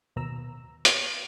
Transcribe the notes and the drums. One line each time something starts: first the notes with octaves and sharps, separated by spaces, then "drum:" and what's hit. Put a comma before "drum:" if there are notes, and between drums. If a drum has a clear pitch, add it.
D#2 B2 A#5 E6
drum: hi-hat